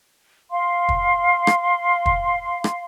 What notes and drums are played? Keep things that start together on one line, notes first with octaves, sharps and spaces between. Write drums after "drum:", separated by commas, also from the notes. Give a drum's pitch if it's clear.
F5 C6
drum: kick
drum: rim click
drum: kick
drum: rim click